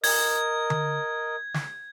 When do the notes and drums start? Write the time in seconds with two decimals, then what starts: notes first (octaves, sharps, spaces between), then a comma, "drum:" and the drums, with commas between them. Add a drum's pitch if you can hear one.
0.04 A#4 D#5 G#6, drum: open hi-hat
0.70 drum: tom D3
1.54 drum: snare